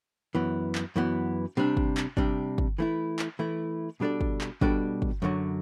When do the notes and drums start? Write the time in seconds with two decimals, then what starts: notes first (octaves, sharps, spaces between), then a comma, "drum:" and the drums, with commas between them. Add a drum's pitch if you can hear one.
0.35 F#2 E3 B3
0.75 drum: clap
0.96 F#2 E3 B3
1.57 C3 G3 D4
1.77 drum: kick
1.97 drum: clap
2.17 C3 G3 D4, drum: kick
2.58 drum: kick
2.78 E3 A3 E4
3.19 drum: clap
3.39 E3 A3 E4
4.00 B2 G3 D4 A4 D5
4.21 drum: kick
4.41 drum: clap
4.61 B2 G3 D4 A4 D5, drum: kick
5.02 drum: kick
5.22 F#2 D3 F#3